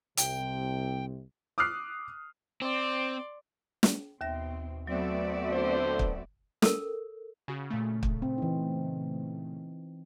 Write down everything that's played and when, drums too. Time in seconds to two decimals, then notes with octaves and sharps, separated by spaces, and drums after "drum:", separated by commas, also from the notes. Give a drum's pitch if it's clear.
0.17 C2 C3 G5, drum: hi-hat
1.58 D6 D#6 F6 F#6 C7
2.62 C4 D5 C6
3.83 drum: snare
4.21 D#2 B2 C4 E5 A#6
4.87 F#3 A3 B3 C4 F#4 D5 E5
5.51 D3 C5
5.99 drum: kick
6.62 A4 A#4, drum: snare
7.48 C#3 F#4
7.70 A#2 C#3 A3
8.03 drum: kick
8.22 C4
8.38 E3 D#4